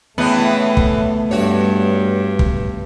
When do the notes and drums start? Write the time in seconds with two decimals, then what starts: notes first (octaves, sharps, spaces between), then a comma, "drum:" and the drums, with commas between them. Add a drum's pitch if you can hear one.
0.18 A2 E3 G#3 A3 B3
0.77 drum: kick
1.31 G2 F#4 C#5
2.39 drum: kick